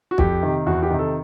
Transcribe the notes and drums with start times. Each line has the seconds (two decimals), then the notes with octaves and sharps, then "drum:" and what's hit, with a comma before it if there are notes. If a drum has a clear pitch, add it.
0.11 F#4
0.18 F2 G4, drum: kick B1
0.43 C3 D#3
0.66 E2 F#4
0.83 G4
0.90 C3 D#3
0.99 A4